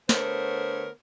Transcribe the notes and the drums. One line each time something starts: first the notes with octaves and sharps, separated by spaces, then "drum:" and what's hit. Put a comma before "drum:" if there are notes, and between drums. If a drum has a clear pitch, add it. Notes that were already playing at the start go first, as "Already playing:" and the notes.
D3 A3 B3 A#4 C5 C#5, drum: snare